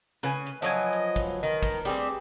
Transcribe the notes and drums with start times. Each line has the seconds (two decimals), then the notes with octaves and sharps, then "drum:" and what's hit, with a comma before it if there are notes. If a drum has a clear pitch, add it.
0.23 C#3 B4 G#5, drum: hi-hat
0.46 drum: hi-hat
0.62 F3 F#3 D#5 G#5 A5
0.93 drum: hi-hat
1.16 drum: kick, hi-hat
1.43 D#3 A#4
1.63 drum: kick, hi-hat
1.85 G3 C4 G4 G#4 D6, drum: hi-hat